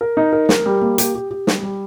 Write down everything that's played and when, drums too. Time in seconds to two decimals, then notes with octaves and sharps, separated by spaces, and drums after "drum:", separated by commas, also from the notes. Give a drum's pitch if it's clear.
0.01 A#4
0.17 D#4
0.32 A#4
0.49 A#4, drum: snare
0.66 G3
0.81 A#3
0.98 G4, drum: hi-hat
1.15 G4
1.31 G4
1.47 G3, drum: snare
1.63 G3